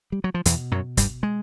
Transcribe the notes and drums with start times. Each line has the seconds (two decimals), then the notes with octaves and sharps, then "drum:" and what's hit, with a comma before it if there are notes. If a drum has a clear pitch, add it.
0.12 G3
0.24 F#3
0.34 F3
0.45 E2 B2 E3, drum: hi-hat
0.72 F#2 F#3
0.97 G2 G3, drum: kick, hi-hat
1.23 G#3